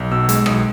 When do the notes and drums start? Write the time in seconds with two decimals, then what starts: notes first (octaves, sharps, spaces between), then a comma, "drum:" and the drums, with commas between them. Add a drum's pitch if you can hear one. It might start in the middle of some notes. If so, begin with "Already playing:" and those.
Already playing: B1
0.11 B2 E6
0.29 G#3 E6, drum: hi-hat
0.46 B1 D#6, drum: rim click